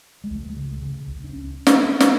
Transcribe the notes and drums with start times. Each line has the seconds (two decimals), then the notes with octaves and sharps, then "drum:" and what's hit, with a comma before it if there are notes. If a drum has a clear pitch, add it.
0.24 G#3
0.31 C#2 A3
0.56 C#3
0.82 C#3
1.07 C#2
1.24 D4
1.33 C#4
1.67 drum: snare
2.00 drum: snare